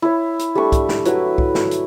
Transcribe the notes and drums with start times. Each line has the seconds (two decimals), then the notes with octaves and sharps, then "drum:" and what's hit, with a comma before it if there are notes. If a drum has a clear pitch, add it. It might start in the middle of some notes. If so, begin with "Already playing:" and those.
0.02 E4 C#5
0.39 drum: hi-hat
0.55 G3 A3 D4 C#6
0.72 drum: kick, hi-hat
0.89 drum: snare
1.05 F#3 E4 B4, drum: hi-hat
1.38 drum: kick
1.55 drum: snare
1.71 drum: hi-hat